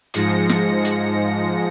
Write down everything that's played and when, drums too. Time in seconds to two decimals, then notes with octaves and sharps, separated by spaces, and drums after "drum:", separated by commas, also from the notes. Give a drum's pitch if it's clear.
0.14 G#2 F3 G#3 A#6 C#7, drum: hi-hat
0.49 drum: snare
0.85 drum: hi-hat